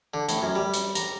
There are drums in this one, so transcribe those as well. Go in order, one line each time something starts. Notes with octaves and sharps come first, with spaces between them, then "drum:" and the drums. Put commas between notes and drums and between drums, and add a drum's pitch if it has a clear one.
D3
A2, drum: hi-hat
F#2
G3
drum: hi-hat
A#5, drum: hi-hat